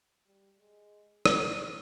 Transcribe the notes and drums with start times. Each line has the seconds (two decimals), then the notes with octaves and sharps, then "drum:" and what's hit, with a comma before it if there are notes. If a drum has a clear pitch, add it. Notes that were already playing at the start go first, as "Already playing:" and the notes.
0.26 G3
0.59 G#3
1.26 G3, drum: rim click